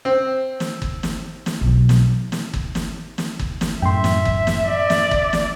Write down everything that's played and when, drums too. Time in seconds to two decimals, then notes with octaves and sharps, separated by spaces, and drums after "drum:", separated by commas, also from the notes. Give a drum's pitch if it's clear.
0.05 C4
0.60 drum: snare
0.82 drum: kick G1
1.03 drum: snare
1.46 drum: snare
1.61 B1
1.89 drum: snare
2.32 drum: snare
2.54 drum: kick G1
2.75 drum: snare
3.18 drum: snare
3.39 drum: kick G1
3.61 drum: snare
3.82 F#2 A2 E5 G5 C6
4.04 drum: snare
4.25 drum: kick G1
4.47 drum: snare
4.67 D5
4.90 drum: snare
5.11 drum: kick G1
5.33 drum: snare